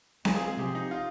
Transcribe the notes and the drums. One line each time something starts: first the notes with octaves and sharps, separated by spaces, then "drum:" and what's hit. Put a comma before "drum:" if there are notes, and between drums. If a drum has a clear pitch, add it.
G#3 C4 F4 G#4, drum: snare C4
G#4
G#4
C3 F3 C4 G4
D#4
F4